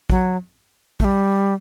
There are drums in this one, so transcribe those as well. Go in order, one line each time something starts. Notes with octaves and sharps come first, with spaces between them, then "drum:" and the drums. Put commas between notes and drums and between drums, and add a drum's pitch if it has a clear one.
F#3, drum: kick
A3, drum: kick
G3